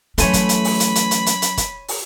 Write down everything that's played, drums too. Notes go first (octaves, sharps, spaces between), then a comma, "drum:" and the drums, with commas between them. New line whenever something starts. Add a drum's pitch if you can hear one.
E3 F#3 A3 C#4 C#5 G#5 B5 C6, drum: hi-hat
drum: kick, hi-hat
drum: hi-hat
drum: open hi-hat
drum: hi-hat
drum: hi-hat
drum: hi-hat
drum: hi-hat
drum: hi-hat
drum: kick, hi-hat
drum: open hi-hat